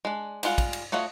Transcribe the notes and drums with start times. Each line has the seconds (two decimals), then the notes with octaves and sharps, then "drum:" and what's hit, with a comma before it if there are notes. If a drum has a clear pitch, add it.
0.05 G#3 D4
0.43 G3 G#3 F4 F#5, drum: cymbal
0.58 drum: kick, cymbal
0.73 drum: cymbal
0.92 A3 F4 F#4 C#5 D#5